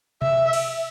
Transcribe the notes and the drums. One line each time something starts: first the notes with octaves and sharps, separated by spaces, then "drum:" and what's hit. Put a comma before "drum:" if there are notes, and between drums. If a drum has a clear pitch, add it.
E5, drum: tom B2
drum: cymbal